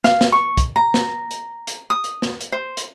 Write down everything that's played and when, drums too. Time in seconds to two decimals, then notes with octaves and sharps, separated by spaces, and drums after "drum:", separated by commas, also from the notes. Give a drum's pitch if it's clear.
0.04 F5, drum: snare
0.21 drum: snare
0.32 C#6
0.57 drum: kick, hi-hat
0.76 A#5
0.94 drum: snare
1.31 drum: hi-hat
1.67 drum: hi-hat
1.90 D#6
2.04 drum: hi-hat
2.22 drum: snare
2.41 drum: hi-hat
2.52 C5
2.77 drum: hi-hat